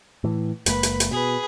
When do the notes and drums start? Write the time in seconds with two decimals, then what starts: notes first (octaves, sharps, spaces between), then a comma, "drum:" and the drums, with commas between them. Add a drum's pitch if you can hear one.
0.24 A2 E3
0.66 F#1 G#3 A#3 B4, drum: hi-hat
0.83 drum: hi-hat
1.00 drum: hi-hat
1.11 B2 G#4 B4